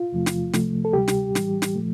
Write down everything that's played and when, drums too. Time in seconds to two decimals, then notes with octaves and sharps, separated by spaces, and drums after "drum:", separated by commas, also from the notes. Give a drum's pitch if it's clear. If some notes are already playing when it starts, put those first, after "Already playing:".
Already playing: F4
0.12 E2 C3 F3 A3
0.26 drum: snare
0.53 C2 C3 F3 A3, drum: snare
0.85 A4
0.93 D2 C3 G3 G4
1.08 drum: snare
1.35 A2 E3 G3, drum: snare
1.62 drum: snare
1.76 A#2 F3 A3